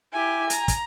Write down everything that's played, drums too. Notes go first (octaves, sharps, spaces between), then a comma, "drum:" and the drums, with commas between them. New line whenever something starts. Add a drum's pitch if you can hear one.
E4 G4 G#5
A#5, drum: hi-hat
drum: kick, hi-hat